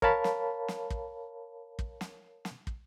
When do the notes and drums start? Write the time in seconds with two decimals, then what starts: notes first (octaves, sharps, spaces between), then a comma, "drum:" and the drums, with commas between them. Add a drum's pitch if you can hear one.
0.02 A#4 C#5 F5 A5 B5, drum: kick
0.24 drum: snare
0.68 drum: snare
0.90 drum: kick
1.79 drum: kick
2.01 drum: snare
2.45 drum: snare
2.67 drum: kick